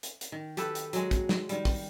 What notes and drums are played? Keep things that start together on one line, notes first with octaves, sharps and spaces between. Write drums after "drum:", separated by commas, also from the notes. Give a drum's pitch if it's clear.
drum: hi-hat
drum: hi-hat
D#3
G4 A4 B4, drum: hi-hat
drum: hi-hat
F#3 G#3, drum: hi-hat
drum: kick, hi-hat
drum: snare
D#3 G3, drum: hi-hat
drum: kick, open hi-hat